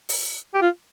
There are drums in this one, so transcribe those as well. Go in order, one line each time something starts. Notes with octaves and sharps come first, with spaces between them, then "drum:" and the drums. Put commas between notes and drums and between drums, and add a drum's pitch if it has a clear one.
drum: open hi-hat
G4
F4